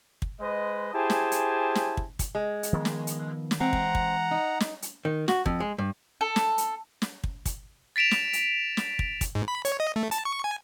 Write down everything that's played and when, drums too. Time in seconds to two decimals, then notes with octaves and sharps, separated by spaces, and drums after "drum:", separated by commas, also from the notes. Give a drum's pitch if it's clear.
0.22 drum: kick
0.41 G#3 B4 C5 D#5
0.94 E4 G4 G#4 C5 G#5 A5
1.10 drum: snare
1.32 drum: hi-hat
1.75 drum: snare
1.97 drum: kick
2.19 drum: kick, hi-hat
2.35 G#3
2.63 drum: hi-hat
2.73 D#3 F3 B3
2.85 drum: snare
3.07 drum: hi-hat
3.51 drum: snare
3.60 E3 G#3 C4 F#5 A#5
3.73 drum: kick
3.95 drum: kick
4.31 D#4
4.60 drum: snare
4.82 drum: hi-hat
5.05 D#3
5.28 F#4, drum: snare
5.46 F2, drum: kick
5.60 G#3
5.78 G2
6.21 A4
6.36 drum: snare
6.58 drum: hi-hat
7.02 drum: snare
7.24 drum: kick
7.46 drum: kick, hi-hat
7.96 A6 B6 D7 E7 F7
8.11 drum: snare
8.33 drum: hi-hat
8.77 drum: snare
8.99 drum: kick
9.21 drum: kick, hi-hat
9.35 G#2
9.48 B5
9.65 C#5, drum: hi-hat
9.80 D#5
9.96 A3
10.11 A5, drum: hi-hat
10.25 C#6
10.44 G#5